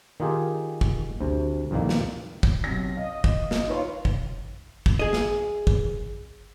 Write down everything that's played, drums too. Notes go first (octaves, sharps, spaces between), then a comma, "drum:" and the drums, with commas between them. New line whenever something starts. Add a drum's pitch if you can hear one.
D#3 D#4 F4 G4 G#4
drum: kick
D2 C3
C2 F2 A#2 D#3 A#3
drum: snare
drum: kick
B1 C3 A#6
D#5 F5
drum: kick
drum: snare
D#4 F4 B4 C#5
drum: kick
drum: kick
G#4 D#5
drum: snare
drum: kick